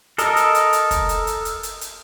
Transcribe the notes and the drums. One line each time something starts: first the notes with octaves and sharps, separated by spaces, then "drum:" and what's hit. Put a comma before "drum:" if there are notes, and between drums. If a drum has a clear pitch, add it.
A4 A#4 D#5, drum: hi-hat
drum: hi-hat
drum: hi-hat
drum: hi-hat
drum: kick, hi-hat
drum: hi-hat
drum: hi-hat
drum: hi-hat
drum: hi-hat
drum: hi-hat